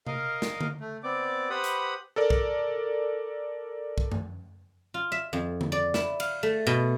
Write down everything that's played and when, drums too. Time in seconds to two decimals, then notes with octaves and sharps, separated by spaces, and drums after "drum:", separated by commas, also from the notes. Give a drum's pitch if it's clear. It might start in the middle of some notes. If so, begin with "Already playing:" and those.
0.07 A#4 D#5 F5, drum: tom C3
0.42 drum: snare
0.61 drum: tom D3
0.80 A3
1.03 B3 C4 D5 D6
1.50 G4 B4 C5 F#5 B5 D#6
1.64 drum: hi-hat
2.16 A4 A#4 D5
2.30 drum: kick
3.98 drum: kick
4.12 drum: tom F#2
4.94 F4
5.12 E5
5.33 F2
5.61 drum: tom D3
5.72 D5
5.94 E4, drum: snare
6.20 F5, drum: cymbal
6.43 A3
6.67 B2